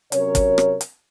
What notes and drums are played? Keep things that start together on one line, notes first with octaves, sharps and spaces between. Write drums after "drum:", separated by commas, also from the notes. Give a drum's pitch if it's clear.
C3 F#3 C#4 A#4 C#5, drum: hi-hat
drum: kick, hi-hat
drum: rim click
drum: hi-hat